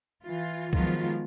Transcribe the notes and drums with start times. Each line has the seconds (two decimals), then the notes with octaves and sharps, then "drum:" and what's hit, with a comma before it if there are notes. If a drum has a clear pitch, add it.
0.25 E3 F4
0.73 D#3 F3 F#3 G#3 B3 F4, drum: kick C#2